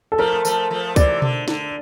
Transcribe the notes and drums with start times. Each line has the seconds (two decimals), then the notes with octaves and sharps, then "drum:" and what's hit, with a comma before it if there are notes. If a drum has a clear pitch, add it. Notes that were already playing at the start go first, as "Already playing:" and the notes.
0.12 A4
0.18 F3 A3 A#4
0.45 F3 A3, drum: tambourine
0.70 F3 A3
0.96 C3 E3 D5, drum: kick C#2, tambourine
1.22 D3, drum: tom B2
1.48 D3, drum: snare